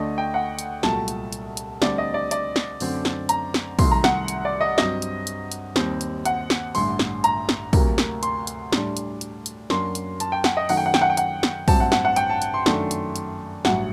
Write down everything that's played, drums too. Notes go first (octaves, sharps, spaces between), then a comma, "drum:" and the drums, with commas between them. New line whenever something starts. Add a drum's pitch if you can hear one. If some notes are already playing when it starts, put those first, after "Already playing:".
Already playing: D2 D3 A3 D4 D#5
G5
F#5
drum: hi-hat
C2 A#2 F#3 A3 A5, drum: snare
drum: hi-hat
drum: hi-hat
drum: hi-hat
D2 D3 G3 C4 D5, drum: snare
D#5
D5
D5, drum: hi-hat
drum: snare
F#2 D3 A3 C4, drum: open hi-hat
drum: snare
A#5, drum: hi-hat
drum: snare
C2 C3 D#3 F#3 A3 C6, drum: kick, open hi-hat
A#5
F#5, drum: snare
drum: hi-hat
D5
D#5
G2 F#3 C4 D#5, drum: snare
drum: hi-hat
drum: hi-hat
drum: hi-hat
D#2 D#3 G3 C4, drum: snare
drum: hi-hat
F#5, drum: hi-hat
drum: snare
A1 G2 D3 C6, drum: open hi-hat
drum: snare
A#5, drum: hi-hat
drum: snare
D2 C3 F#3 A#3, drum: kick, open hi-hat
drum: snare
C6, drum: hi-hat
drum: hi-hat
A2 G3 D4, drum: snare
drum: hi-hat
drum: hi-hat
drum: hi-hat
F#2 F#3 A#3 D4 C6, drum: snare
drum: hi-hat
A5, drum: hi-hat
G5
F#5, drum: snare
D#5
F#2 D#3 A3 F#5, drum: open hi-hat
G5
F#5
G5, drum: snare
F#5
G5
F#5, drum: hi-hat
drum: snare
A1 G2 F#3 C4 A5, drum: kick, open hi-hat
F#5
F#5, drum: snare
F#5
G5, drum: hi-hat
A5
drum: hi-hat
C6
F#2 D#3 A3 D4, drum: snare
drum: hi-hat
drum: hi-hat
A1 G2 F#3 F#5, drum: snare